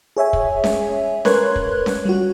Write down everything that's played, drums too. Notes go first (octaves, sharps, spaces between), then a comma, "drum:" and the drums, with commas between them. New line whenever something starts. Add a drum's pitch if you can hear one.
G#4 C#5 E5 G#5
drum: kick
drum: snare C#4
A#4 B4 C#5 C6 F#6 G#6, drum: snare C#4
drum: kick
drum: snare C#4
G3 F#4